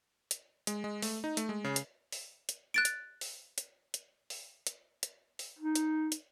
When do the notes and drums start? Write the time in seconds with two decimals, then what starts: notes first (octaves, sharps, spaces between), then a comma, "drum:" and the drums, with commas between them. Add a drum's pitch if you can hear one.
0.31 drum: hi-hat
0.67 G#3, drum: hi-hat
0.84 G#3
1.02 A3, drum: open hi-hat
1.24 D#4
1.37 A3, drum: hi-hat
1.49 G#3
1.64 C#3
1.76 drum: hi-hat
2.12 drum: open hi-hat
2.49 drum: hi-hat
2.74 F#6 A6 D7
2.85 drum: hi-hat
3.21 drum: open hi-hat
3.58 drum: hi-hat
3.94 drum: hi-hat
4.30 drum: open hi-hat
4.67 drum: hi-hat
5.03 drum: hi-hat
5.39 drum: open hi-hat
5.59 D#4
5.75 drum: hi-hat
6.12 drum: hi-hat